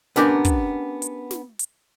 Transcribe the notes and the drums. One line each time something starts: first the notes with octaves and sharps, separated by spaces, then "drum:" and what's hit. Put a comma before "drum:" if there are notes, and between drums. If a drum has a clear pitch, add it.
B3 C#4 D4 G4 A#4, drum: snare
drum: kick, hi-hat
drum: hi-hat
drum: snare
drum: hi-hat